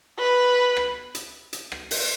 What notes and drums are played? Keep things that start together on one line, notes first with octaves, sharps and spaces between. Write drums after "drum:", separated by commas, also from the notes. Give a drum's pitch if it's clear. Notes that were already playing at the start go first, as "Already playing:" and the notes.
B4
drum: rim click
drum: hi-hat
drum: hi-hat
drum: rim click
drum: open hi-hat